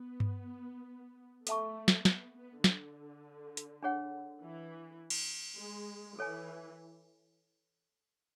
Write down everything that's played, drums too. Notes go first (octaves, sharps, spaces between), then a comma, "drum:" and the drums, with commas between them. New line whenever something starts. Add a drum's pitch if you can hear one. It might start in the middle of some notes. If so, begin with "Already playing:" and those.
Already playing: B3
drum: tom G2
A3 A4 E5 A5 C#6, drum: hi-hat
drum: snare
B3, drum: snare
B3
D3, drum: snare
drum: hi-hat
D4 G#4 C#5 F#5
E3
drum: cymbal
G#3
E3 A4 C#5 G#5